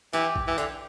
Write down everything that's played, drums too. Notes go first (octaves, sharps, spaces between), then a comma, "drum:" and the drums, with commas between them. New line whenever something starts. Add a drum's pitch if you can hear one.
E3 G4, drum: hi-hat
drum: kick A#1
E3
D3, drum: hi-hat